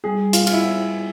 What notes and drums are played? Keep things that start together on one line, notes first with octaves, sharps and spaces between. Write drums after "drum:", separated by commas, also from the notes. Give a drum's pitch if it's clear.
G3 G#4
F4, drum: hi-hat
F4, drum: cymbal
E4